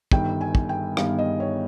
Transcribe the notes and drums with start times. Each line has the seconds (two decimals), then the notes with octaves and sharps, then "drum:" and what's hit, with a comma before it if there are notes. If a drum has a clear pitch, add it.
0.12 G1 G2 D#3 G5, drum: kick
0.41 G#5
0.55 drum: kick
0.69 G5
0.97 G1 G2 D#3 F5, drum: rim click
1.19 D#5
1.40 C#5